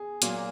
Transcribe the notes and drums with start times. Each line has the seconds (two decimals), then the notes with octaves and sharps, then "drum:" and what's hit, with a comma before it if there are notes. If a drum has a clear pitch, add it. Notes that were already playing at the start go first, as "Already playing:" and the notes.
Already playing: G#4
0.22 A#2 F#3 A#3, drum: hi-hat